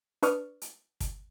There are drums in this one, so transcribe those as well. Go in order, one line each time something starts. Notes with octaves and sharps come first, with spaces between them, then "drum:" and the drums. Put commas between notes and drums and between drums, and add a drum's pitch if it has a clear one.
D4 B4 D5 C#6 D#6 F6, drum: hi-hat
drum: hi-hat
drum: kick, hi-hat